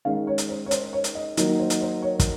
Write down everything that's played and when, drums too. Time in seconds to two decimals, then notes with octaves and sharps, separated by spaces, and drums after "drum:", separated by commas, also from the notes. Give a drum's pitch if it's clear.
0.05 D#3 G#3 C#4 F5
0.27 C#5
0.38 drum: hi-hat
0.49 C5
0.66 C#5
0.71 C5, drum: hi-hat
0.93 C#5
1.04 drum: hi-hat
1.15 D#5
1.37 D#3 F#3 A#3 D#4, drum: hi-hat
1.60 C5
1.70 drum: hi-hat
1.81 C5
2.02 C#5
2.20 drum: kick, hi-hat